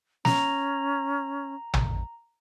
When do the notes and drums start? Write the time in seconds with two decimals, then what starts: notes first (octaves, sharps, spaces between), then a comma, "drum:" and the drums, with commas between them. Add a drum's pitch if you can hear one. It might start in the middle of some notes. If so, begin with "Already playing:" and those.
0.25 C#4 A#5, drum: snare
1.74 drum: tom